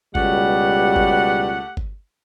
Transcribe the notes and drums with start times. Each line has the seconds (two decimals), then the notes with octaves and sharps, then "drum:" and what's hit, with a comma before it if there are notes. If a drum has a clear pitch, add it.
0.15 C#2 B2 G3 A3 G4 F#5, drum: kick G1
0.96 drum: kick G1
1.77 drum: kick G1